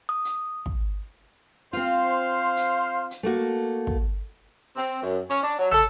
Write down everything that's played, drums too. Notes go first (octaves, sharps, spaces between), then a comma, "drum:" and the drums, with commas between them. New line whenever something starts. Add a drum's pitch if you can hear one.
D#6
drum: hi-hat
drum: kick
C4 F4 C5 F5
drum: hi-hat
drum: hi-hat
A3 A#3 F#4
drum: kick
C4
F#2
C#4
D4
F#3
A4, drum: tom